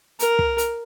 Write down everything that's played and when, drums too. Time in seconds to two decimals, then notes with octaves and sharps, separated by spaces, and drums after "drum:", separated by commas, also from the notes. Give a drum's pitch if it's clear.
0.19 A#4, drum: hi-hat
0.39 drum: kick
0.58 drum: hi-hat